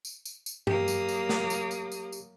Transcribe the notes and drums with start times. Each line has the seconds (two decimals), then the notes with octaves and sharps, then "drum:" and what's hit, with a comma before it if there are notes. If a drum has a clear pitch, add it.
0.05 drum: tambourine
0.25 drum: tambourine
0.46 drum: tambourine
0.67 F#3 A#3 G4 D#6, drum: tom G2
0.88 drum: tambourine
1.09 drum: tambourine
1.29 drum: snare
1.50 drum: tambourine
1.71 drum: tambourine
1.92 drum: tambourine
2.12 drum: tambourine